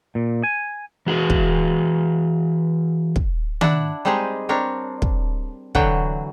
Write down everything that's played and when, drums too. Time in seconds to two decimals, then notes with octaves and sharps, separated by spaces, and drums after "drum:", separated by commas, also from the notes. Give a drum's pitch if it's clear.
0.15 A#2
0.43 G#5
1.06 E3 F#4 G#4 B4
1.30 drum: kick
3.16 drum: kick
3.61 D4 E4 F#5, drum: tom D#3
4.05 G3 G#3 C4 D#4 G4 G#4
4.49 C4 D4 A#4 C#5
5.02 drum: kick
5.75 D3 E3 F#3 F#4 G5, drum: kick